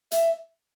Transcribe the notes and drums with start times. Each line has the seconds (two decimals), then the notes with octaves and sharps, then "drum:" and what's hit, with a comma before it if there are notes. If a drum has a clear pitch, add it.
0.12 E5, drum: hi-hat